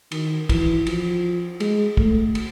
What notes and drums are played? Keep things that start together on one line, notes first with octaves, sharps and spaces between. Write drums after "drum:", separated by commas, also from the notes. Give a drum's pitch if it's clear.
D#3, drum: cymbal
E3, drum: kick, cymbal
F3, drum: cymbal
G#3, drum: cymbal
A3, drum: kick
drum: cymbal